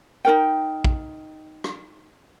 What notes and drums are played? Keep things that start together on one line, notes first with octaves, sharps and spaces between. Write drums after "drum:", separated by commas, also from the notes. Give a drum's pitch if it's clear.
D#4 F4 A#4 G5
drum: kick
drum: rim click